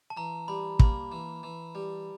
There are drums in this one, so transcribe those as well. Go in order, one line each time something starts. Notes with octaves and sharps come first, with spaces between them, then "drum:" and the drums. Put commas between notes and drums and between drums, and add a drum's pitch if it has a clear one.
A5
E3 A#5
G3 B5
A#3 B5, drum: kick
E3
E3
G3